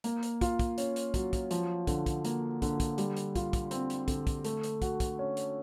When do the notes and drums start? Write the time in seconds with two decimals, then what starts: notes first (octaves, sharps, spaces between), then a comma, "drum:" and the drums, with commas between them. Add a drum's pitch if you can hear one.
0.04 A#3, drum: hi-hat
0.23 drum: hi-hat
0.41 F4, drum: kick, hi-hat
0.59 drum: kick, hi-hat
0.78 C#4, drum: hi-hat
0.96 drum: hi-hat
1.14 F#3, drum: kick, hi-hat
1.33 drum: kick, hi-hat
1.51 F3, drum: hi-hat
1.87 D3, drum: kick, hi-hat
2.06 drum: kick, hi-hat
2.25 A#3, drum: hi-hat
2.62 D3, drum: kick, hi-hat
2.80 drum: kick, hi-hat
2.98 G3, drum: hi-hat
3.17 drum: hi-hat
3.35 F4, drum: kick, hi-hat
3.53 drum: kick, hi-hat
3.71 C4, drum: hi-hat
3.90 drum: hi-hat
4.08 D3, drum: kick, hi-hat
4.27 drum: kick, hi-hat
4.44 A3, drum: hi-hat
4.63 drum: hi-hat
4.82 F#4, drum: kick, hi-hat
5.00 drum: kick, hi-hat
5.19 C#4
5.37 drum: hi-hat